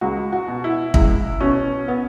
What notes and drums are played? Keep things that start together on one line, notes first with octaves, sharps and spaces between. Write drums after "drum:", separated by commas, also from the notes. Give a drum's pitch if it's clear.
C#2 F#4
F#4
B2
E4
C#2 E4, drum: kick
B2 C#4
B3